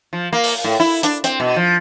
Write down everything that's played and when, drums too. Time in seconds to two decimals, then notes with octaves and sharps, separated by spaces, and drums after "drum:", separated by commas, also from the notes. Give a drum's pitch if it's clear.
0.13 F3
0.33 A#3
0.44 drum: open hi-hat
0.64 A2
0.80 E4
1.03 D4, drum: hi-hat
1.24 C4, drum: hi-hat
1.40 B2
1.56 F3